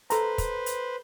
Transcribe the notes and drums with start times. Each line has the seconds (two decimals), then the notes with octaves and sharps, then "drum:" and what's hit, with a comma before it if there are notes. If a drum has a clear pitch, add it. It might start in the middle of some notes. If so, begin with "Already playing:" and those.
0.10 A4 B4 C5 A#5, drum: hi-hat
0.38 drum: kick, hi-hat
0.66 drum: hi-hat